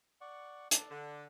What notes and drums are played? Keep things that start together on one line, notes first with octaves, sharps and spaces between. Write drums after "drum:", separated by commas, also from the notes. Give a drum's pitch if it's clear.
D5 F#5 C#6
D4 A4, drum: hi-hat
D3